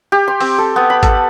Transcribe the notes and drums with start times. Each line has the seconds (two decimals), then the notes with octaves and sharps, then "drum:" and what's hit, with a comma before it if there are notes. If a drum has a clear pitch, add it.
0.12 G4
0.28 C6
0.41 C4, drum: open hi-hat
0.58 A4
0.76 B3
0.90 B5
1.03 A4, drum: kick G#1, hi-hat